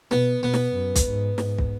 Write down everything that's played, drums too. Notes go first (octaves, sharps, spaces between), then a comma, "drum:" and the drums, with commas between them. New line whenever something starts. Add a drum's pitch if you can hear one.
B2 B3, drum: snare
B2 B3
drum: snare
F#2
drum: kick, hi-hat
G#2
G#2, drum: snare
drum: kick